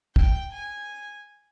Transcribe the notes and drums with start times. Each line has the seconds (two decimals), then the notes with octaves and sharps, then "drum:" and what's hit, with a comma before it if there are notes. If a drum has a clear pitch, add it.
0.16 G5, drum: kick
0.53 G#5